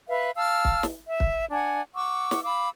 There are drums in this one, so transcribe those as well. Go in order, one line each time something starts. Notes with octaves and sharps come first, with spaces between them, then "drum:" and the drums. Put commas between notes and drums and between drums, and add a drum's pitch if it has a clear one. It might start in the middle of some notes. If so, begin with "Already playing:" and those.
B4 E5 F5
F5 A5 E6 F6
drum: kick
drum: snare
E5
drum: kick
D4 F#5 G#5
F#5 C#6 D6 E6
drum: snare
F5 B5 D6 E6